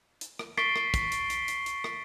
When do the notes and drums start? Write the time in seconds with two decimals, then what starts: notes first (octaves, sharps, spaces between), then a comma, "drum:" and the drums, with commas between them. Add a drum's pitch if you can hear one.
0.21 drum: hi-hat
0.39 drum: rim click
0.58 C#6 A6 B6 C7 D7 G7, drum: rim click
0.76 drum: rim click
0.94 drum: kick, hi-hat
1.12 drum: hi-hat
1.30 drum: hi-hat
1.48 drum: hi-hat
1.66 drum: hi-hat
1.84 drum: rim click